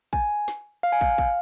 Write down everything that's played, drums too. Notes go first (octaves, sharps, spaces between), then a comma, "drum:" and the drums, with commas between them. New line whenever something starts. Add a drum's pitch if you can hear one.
G#5, drum: kick
drum: snare
F5
G#5
F5, drum: kick
F5, drum: kick